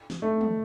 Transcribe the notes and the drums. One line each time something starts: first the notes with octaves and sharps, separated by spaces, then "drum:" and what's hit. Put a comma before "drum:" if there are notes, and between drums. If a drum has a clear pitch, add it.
drum: snare
A3
drum: tom